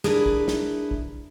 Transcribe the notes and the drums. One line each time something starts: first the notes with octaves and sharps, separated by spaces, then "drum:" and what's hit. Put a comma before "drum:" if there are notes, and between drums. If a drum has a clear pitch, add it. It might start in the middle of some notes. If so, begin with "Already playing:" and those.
D4 E4 G#4 A#4 B4, drum: snare
drum: kick
drum: snare
drum: kick